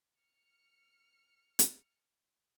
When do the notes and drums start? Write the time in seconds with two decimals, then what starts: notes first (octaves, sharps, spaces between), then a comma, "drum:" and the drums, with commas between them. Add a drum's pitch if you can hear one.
0.20 F6 C#7
1.59 drum: hi-hat